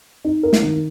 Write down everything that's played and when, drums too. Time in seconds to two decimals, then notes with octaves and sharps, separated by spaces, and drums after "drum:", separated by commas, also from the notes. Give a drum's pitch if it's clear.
0.25 D#4
0.43 A#4
0.53 drum: snare
0.62 D#3